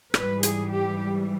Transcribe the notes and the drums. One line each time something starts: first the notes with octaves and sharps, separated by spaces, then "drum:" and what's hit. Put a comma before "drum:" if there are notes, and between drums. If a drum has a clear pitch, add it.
G#2 E3 G3 B4, drum: rim click
G#4, drum: hi-hat
G4